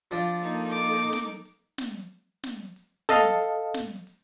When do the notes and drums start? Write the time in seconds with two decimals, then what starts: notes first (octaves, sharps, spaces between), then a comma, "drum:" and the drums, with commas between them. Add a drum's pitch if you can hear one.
0.11 F3 D4 F4
0.40 A#3 D#4 A4
0.70 D6
0.80 drum: hi-hat
1.13 drum: snare
1.45 drum: hi-hat
1.78 drum: snare
2.44 drum: snare
2.76 drum: hi-hat
3.09 A4 D#5 F5, drum: snare
3.42 drum: hi-hat
3.74 drum: snare
4.07 drum: hi-hat